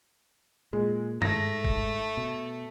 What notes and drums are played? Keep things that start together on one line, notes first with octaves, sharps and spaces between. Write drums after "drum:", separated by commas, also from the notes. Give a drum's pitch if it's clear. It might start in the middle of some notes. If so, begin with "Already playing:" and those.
A#2 G#3
G#2 A3 A#6, drum: tom G2
drum: kick
B2